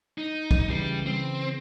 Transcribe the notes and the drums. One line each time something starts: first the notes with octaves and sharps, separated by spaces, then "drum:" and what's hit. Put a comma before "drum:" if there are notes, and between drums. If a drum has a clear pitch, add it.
D#4
drum: kick
C#3 E3 G3 C7
C4